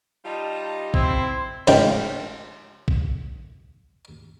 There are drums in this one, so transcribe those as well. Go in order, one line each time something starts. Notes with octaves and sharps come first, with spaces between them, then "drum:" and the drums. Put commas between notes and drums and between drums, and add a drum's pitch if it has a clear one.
G3 D#4 F4 A5
C4 E4 C6, drum: kick A#1
G#2 C#3 F3 G#3 A3 G5, drum: cymbal
drum: kick A#1